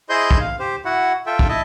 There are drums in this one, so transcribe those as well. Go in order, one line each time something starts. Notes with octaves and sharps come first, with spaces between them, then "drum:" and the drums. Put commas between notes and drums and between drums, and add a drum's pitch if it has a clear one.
E4 G#4 C5 D#5 C6 G6
drum: kick
F5
G4 C5
E4 F#4 F#5
F4 A4 E5 G5
drum: kick
E4 D#5 E5 A5